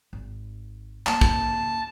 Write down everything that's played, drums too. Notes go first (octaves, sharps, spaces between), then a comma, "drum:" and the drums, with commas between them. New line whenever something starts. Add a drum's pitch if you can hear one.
G#1
A#3 A5, drum: clap
drum: kick